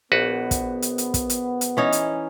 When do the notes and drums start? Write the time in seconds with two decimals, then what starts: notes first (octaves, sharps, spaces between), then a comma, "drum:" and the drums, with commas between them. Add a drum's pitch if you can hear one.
0.12 A#1 B3 F#4 B4
0.51 drum: kick, hi-hat
0.82 drum: hi-hat
0.98 drum: hi-hat
1.14 drum: kick, hi-hat
1.30 drum: hi-hat
1.61 drum: hi-hat
1.77 E3 C#4 D#4
1.92 drum: hi-hat